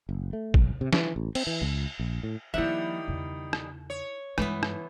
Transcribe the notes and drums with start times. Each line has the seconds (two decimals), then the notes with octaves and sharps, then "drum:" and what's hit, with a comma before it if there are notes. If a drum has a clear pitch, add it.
0.09 F#1
0.33 A3
0.54 B1, drum: kick
0.81 C3
0.93 E3, drum: snare
1.16 A1
1.35 C4, drum: cymbal
1.47 E3
1.62 C#2
1.99 A#1
2.23 A2
2.54 D#3 F3 G3 A#3 E4 E5 F#5
3.08 E2 C#3
3.53 drum: rim click
3.90 C#5
4.38 G2 E3 G#3 B3, drum: rim click
4.63 drum: rim click